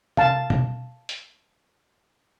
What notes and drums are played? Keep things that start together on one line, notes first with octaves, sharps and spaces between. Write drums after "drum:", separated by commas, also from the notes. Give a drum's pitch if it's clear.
F5 A5, drum: tom C3
drum: tom
drum: hi-hat